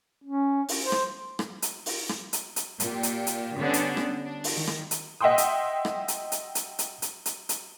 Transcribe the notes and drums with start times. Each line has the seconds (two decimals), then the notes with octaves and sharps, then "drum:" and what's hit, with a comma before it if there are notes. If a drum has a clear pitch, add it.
0.24 C#4
0.68 drum: open hi-hat
0.83 C5
0.92 drum: rim click
1.39 drum: rim click
1.62 drum: hi-hat
1.86 drum: open hi-hat
2.09 drum: rim click
2.33 drum: hi-hat
2.56 drum: hi-hat
2.80 A#2 G4, drum: hi-hat
3.03 drum: hi-hat
3.27 drum: hi-hat
3.57 D3 G3 B3 C#4 D4
3.74 drum: hi-hat
3.97 drum: rim click
4.25 D4
4.44 drum: open hi-hat
4.54 D#3
4.67 drum: rim click
4.91 drum: hi-hat
5.21 D#5 E5 F#5 G5 C6 D#6
5.38 drum: hi-hat
5.85 drum: rim click
6.08 drum: hi-hat
6.32 drum: hi-hat
6.55 drum: hi-hat
6.79 drum: hi-hat
7.02 drum: hi-hat
7.26 drum: hi-hat
7.49 drum: hi-hat